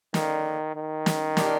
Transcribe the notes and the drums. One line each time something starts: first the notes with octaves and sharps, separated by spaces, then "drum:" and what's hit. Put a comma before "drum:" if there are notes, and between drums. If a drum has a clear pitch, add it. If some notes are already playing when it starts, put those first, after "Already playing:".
D3 D#3 F3 A#3, drum: snare
D#3
drum: snare
F3 A#3 D4 G4, drum: snare